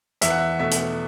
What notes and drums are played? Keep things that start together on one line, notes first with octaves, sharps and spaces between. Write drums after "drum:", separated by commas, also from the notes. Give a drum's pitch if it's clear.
E2 E5, drum: hi-hat
F#5
E5
B2 A3 E5
drum: hi-hat